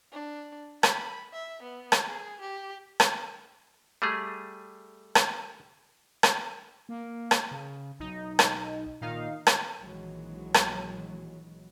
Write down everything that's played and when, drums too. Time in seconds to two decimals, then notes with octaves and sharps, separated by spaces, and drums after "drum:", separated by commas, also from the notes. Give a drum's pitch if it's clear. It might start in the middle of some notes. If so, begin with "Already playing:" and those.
0.12 D4
0.83 B5, drum: rim click
1.33 E5
1.62 B3
1.92 drum: rim click
2.08 G#4
2.41 G4
3.00 drum: rim click
4.02 G3 A3 G#4
5.15 drum: rim click
6.23 drum: rim click
6.89 A#3
7.31 drum: rim click
7.51 C#3
8.00 B1 D#4
8.39 drum: rim click
9.01 A#2 D#3 D#4 F5
9.47 drum: rim click
9.82 A#1 D#3 E3 F#3 G#3
10.54 drum: rim click